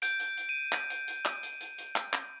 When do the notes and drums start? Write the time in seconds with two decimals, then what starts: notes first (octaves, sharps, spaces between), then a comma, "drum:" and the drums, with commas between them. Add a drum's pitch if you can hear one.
0.02 G6 D7, drum: hi-hat
0.20 drum: hi-hat
0.37 drum: hi-hat
0.49 D#7
0.72 drum: clap
0.90 drum: hi-hat
1.08 drum: hi-hat
1.25 drum: clap
1.43 drum: hi-hat
1.60 drum: hi-hat
1.78 drum: hi-hat
1.96 drum: clap
2.13 drum: clap